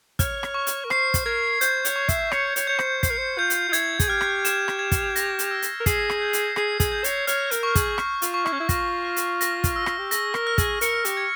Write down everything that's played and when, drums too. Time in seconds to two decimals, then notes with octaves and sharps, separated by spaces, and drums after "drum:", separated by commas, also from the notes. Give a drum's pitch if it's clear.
0.19 C#5 F6, drum: kick, hi-hat
0.43 drum: rim click
0.54 C#6
0.67 drum: hi-hat
0.85 A#4
0.90 C5 C7, drum: rim click
1.14 drum: kick, hi-hat
1.25 A#4 G#6
1.61 C5 G6, drum: hi-hat
1.85 C#5, drum: hi-hat
1.96 C#6
2.09 E5, drum: kick, hi-hat
2.32 C#5 C#7, drum: rim click
2.56 C#5, drum: hi-hat
2.67 C#5 G6
2.79 C5, drum: rim click
3.03 C5 C7, drum: kick, hi-hat
3.10 A#4
3.18 C5
3.38 F4 G6
3.50 drum: hi-hat
3.69 F4
3.73 E4 G#6, drum: hi-hat
4.00 G#4, drum: kick, hi-hat
4.08 G4 F6
4.21 drum: rim click
4.45 E7, drum: hi-hat
4.68 drum: rim click
4.79 G#6
4.92 drum: kick, hi-hat
5.16 A#6, drum: hi-hat
5.39 drum: hi-hat
5.51 E6
5.62 drum: hi-hat
5.80 A#4
5.86 G#4 C7, drum: kick, hi-hat
6.10 drum: rim click
6.21 G6
6.33 drum: hi-hat
6.56 G#4 C7, drum: rim click
6.80 G#4, drum: kick, hi-hat
6.92 G6
7.04 C#5, drum: hi-hat
7.27 C#5 F6, drum: hi-hat
7.51 A#4, drum: hi-hat
7.63 C#6
7.75 G#4, drum: kick, hi-hat
7.98 F6, drum: rim click
8.22 F4, drum: hi-hat
8.34 C#6
8.46 E4, drum: rim click
8.52 C#4
8.60 E4
8.69 F4 A#6, drum: kick, hi-hat
9.04 F6
9.16 drum: hi-hat
9.41 A#6, drum: hi-hat
9.64 drum: kick, hi-hat
9.76 E6
9.86 F4, drum: rim click
9.98 G4
10.11 G#4 A#6, drum: hi-hat
10.34 A#4, drum: rim click
10.47 F6
10.58 G#4, drum: kick, hi-hat
10.81 A#4 C#7, drum: hi-hat
11.05 G4, drum: hi-hat
11.17 G#6